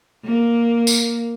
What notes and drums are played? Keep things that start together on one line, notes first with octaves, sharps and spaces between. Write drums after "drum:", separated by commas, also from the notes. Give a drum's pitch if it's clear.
A#3
drum: tambourine